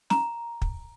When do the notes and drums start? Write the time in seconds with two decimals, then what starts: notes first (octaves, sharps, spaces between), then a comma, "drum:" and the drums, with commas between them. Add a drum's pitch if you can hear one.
0.10 A#5, drum: snare
0.62 drum: kick